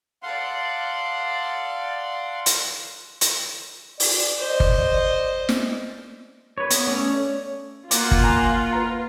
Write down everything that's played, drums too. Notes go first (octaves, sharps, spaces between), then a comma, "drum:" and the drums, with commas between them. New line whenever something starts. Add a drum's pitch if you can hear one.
A4 D5 F5 F#5 C6
drum: hi-hat
drum: hi-hat
D5, drum: open hi-hat
C5 D#5
drum: kick G1
drum: snare
B4 C#5
B3, drum: hi-hat
A3 C#4 C#5 D5
A#3 F4 F#5 D6, drum: hi-hat
drum: kick G1
G#5 A#5
B4 A#5